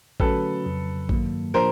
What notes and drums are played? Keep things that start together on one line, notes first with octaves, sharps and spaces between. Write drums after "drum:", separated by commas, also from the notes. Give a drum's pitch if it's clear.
D3 F#3 A3 C#4 F#4 A4 B4, drum: kick A1
F2 C#3 F#3
G2 D#3 F#3 A#3, drum: kick A1
A2 F3 A#3 D4 F4 A#4 C5